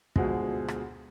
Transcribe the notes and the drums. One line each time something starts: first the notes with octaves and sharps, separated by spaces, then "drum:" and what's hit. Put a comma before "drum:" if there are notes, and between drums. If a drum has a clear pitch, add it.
D2 B2 F3 G#3, drum: kick
drum: rim click